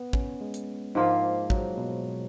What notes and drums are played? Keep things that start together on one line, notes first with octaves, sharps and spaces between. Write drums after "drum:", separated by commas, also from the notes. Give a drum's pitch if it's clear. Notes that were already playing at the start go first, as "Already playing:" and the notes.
Already playing: B3
C#4, drum: kick
G#3
drum: hi-hat
G#2 F3 A#3 F4
F#3, drum: kick
B2